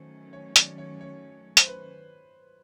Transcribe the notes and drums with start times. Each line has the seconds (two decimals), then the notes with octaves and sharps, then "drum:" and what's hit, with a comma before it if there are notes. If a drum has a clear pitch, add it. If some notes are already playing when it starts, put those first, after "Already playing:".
Already playing: D#3 F#3 A3 C#4 C5
0.33 C#5
0.56 D5, drum: hi-hat
0.78 C#5
1.01 C#5
1.57 C5, drum: hi-hat
1.67 B4